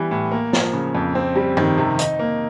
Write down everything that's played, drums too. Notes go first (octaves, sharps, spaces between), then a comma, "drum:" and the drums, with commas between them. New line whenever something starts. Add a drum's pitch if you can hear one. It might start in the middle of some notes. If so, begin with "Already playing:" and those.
Already playing: E3 G3 B3
A2
A#3
F3, drum: snare
C#3
F2
C4
G3
D#3, drum: tom G2
C3
D#4, drum: hi-hat
A#3